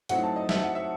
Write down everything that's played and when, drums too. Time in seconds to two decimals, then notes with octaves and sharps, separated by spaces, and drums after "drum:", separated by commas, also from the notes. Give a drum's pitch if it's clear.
0.09 A2 F#3 C4 D#4 F#5, drum: hi-hat
0.23 A5
0.36 D#5
0.49 E5, drum: snare
0.62 F#5
0.75 E5